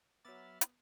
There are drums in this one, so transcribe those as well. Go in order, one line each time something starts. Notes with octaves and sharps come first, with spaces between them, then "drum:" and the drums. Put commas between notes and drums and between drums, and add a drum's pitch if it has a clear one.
F#3 B3 E5 B5 D6 F6 A6
drum: hi-hat